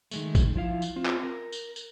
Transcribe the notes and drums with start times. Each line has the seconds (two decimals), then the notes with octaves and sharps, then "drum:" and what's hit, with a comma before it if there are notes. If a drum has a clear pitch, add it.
0.11 D#3 G#3 A3, drum: tambourine
0.35 drum: kick, tambourine
0.55 F3 E4 F5
0.82 drum: tambourine
0.96 C4 F4
1.05 drum: clap
1.24 A#4
1.52 drum: tambourine
1.76 drum: tambourine